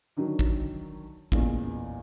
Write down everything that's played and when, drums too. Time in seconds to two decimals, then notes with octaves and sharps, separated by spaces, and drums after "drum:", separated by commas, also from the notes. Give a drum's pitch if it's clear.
0.17 D3 D#3 F#3
0.39 drum: kick
1.32 A1 E2 A#2, drum: kick